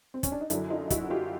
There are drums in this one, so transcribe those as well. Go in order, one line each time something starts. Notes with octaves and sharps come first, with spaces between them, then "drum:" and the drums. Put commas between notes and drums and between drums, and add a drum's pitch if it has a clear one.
C4
C#4, drum: kick, hi-hat
D4
D#4
F#2 D3 F#3 D4 E4, drum: hi-hat
D#4 F4
E4 F#4, drum: kick, hi-hat
F4 G4